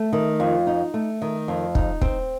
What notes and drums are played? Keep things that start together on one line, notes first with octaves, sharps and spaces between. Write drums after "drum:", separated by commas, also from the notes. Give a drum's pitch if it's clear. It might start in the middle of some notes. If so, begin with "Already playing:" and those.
Already playing: A3
D#3
F2
D#4
A3
D#3
F2
D#4, drum: kick
C4, drum: kick